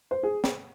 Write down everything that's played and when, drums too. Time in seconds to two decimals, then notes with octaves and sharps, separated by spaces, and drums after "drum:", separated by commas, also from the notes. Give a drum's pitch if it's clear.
0.11 C5
0.23 G#4
0.44 drum: snare